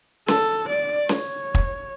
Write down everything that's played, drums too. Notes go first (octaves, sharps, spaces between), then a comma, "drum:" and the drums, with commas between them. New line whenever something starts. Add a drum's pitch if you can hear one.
A4, drum: snare C#4
D5
C#5, drum: snare C#4
drum: kick